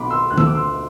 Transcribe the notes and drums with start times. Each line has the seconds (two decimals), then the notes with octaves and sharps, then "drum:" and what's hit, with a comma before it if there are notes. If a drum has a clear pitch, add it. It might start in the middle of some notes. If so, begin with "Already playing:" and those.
Already playing: B1 B5 C6 D6
0.10 C6 E6
0.30 D2 F#6
0.38 E6, drum: tom
0.46 D6
0.55 C6 E6